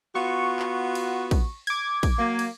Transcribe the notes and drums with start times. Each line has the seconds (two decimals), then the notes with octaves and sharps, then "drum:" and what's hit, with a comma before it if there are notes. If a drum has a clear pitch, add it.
0.15 B3 F4 F#4 C#6
0.59 drum: clap
0.95 drum: cymbal
1.31 drum: kick, cymbal
1.67 D6 G#6, drum: cymbal
2.03 drum: kick, cymbal
2.19 F#3 A#3
2.39 drum: cymbal